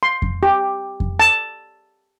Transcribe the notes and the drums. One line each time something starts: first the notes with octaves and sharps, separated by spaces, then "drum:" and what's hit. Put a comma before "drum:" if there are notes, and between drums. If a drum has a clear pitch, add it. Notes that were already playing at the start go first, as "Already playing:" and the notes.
C6
drum: kick F2
G4
drum: kick F2
A5